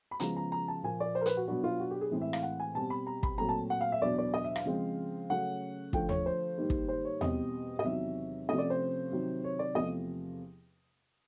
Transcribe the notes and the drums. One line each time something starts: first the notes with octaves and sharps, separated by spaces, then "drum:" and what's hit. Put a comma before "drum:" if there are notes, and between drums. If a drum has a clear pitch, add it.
B5
C#3 F3 G#3 B3 A#5, drum: hi-hat
A#5
A#5
A5
A#2 F3 A#3 G#5
D5
C5
A#4
B4, drum: hi-hat
F#4
B2 F#3 B3 D4 F#4
F4
F#4
G4
G#4
A2 E3 G#3 C4
E5
F5, drum: rim click
F#5
G#5
B2 G3 C4 A5
B5
A#5
B5, drum: kick
A#2 F#3 A3 C4 A#5
A5
F#5
F5
E5
E2 B2 F#3 B3 D4 D5
D5
D#5
E5
F5, drum: rim click
C#3 F3 G#3 C4
C#3 F#3 A3 C#4 F#5
D3 F3 A3 G5, drum: kick
C#5, drum: tom D#2
C5
G#2 D#3 G3 A#3
drum: kick
C5
C#5
E2 B2 G3 C4 D#5, drum: tom D#2
D#5
E2 C3 D#3 F#3 E5
C3 F3 A3 C#4 D#5
D5
C5
C3 D#3 F#3
C#5
D5
E2 C3 F3 A3 D#5